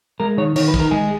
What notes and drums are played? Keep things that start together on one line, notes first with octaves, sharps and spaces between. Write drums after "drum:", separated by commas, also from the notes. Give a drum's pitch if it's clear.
G#3 A#4
D#3 C#5
D#3 C#5, drum: cymbal
B4
D#3, drum: kick
A#4
G#3 G#4